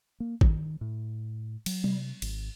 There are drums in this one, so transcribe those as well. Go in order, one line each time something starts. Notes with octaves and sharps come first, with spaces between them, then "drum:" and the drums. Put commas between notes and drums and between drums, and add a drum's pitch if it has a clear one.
A#3
D#3, drum: kick
A2
F#3, drum: cymbal
C3, drum: tom F#3
G#1, drum: cymbal